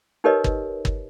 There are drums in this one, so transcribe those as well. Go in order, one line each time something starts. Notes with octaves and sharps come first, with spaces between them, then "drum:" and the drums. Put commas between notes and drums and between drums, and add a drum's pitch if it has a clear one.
D#4 G4 A#4 B4 C#5 D#5
drum: kick
drum: kick